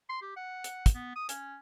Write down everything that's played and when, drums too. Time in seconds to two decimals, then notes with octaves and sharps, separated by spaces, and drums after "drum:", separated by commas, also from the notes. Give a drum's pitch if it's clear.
0.10 C6
0.22 G4
0.37 F#5
0.64 drum: hi-hat
0.86 drum: kick, hi-hat
0.95 B3
1.16 D#6
1.29 C#4, drum: hi-hat